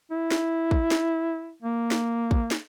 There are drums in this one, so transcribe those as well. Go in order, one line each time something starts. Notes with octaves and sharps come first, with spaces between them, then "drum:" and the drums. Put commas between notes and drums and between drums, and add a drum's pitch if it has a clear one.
E4
drum: snare
drum: kick
drum: snare
A#3
drum: snare
drum: kick
drum: snare